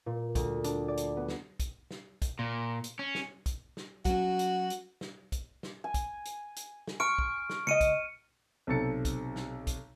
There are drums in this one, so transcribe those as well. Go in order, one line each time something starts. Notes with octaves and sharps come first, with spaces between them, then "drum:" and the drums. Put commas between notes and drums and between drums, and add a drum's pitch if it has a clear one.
A#2
D2, drum: kick, hi-hat
D4, drum: hi-hat
D5
drum: hi-hat
B3
drum: snare
drum: kick, hi-hat
drum: snare
drum: kick, hi-hat
A#2
drum: hi-hat
C#4
drum: snare
drum: kick, hi-hat
drum: snare
F#3 C#4 F#4, drum: kick, hi-hat
drum: hi-hat
drum: hi-hat
drum: snare
drum: kick, hi-hat
drum: snare
G#5
drum: kick, hi-hat
drum: hi-hat
drum: hi-hat
drum: snare
C#6 F6 D7
drum: kick
drum: snare
C#2 D#5 C#7 D#7
drum: kick, hi-hat
B1 C3 A4 A6 C#7
drum: kick, hi-hat
drum: snare
drum: kick, hi-hat